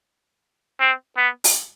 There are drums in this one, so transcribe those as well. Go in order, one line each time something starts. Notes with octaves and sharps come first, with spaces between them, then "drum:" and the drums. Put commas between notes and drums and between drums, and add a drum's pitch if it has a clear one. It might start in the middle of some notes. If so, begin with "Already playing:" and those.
C4
B3
drum: open hi-hat